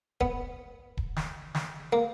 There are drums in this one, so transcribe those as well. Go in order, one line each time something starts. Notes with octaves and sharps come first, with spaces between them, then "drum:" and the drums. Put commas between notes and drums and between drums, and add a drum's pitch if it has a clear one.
B3, drum: kick D#1
drum: kick D#1
drum: snare
drum: snare
A#3